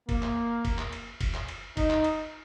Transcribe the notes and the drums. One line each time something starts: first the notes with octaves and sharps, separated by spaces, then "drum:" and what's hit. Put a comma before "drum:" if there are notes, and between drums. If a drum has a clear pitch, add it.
A#3, drum: kick F#1, cymbal
drum: clap
drum: kick F#1, cymbal
drum: clap
drum: cymbal
drum: kick F#1, cymbal
drum: clap
drum: cymbal
D#4, drum: kick F#1, cymbal
drum: clap
drum: cymbal